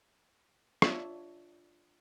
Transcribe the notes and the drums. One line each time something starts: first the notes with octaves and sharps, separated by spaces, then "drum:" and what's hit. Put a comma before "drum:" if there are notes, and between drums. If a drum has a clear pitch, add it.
D4 F4 C#5 E5, drum: rim click